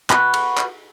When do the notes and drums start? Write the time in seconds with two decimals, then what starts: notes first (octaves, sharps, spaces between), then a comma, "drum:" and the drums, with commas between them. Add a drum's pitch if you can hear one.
0.10 F#4 B4, drum: clap
0.34 drum: cymbal
0.57 drum: clap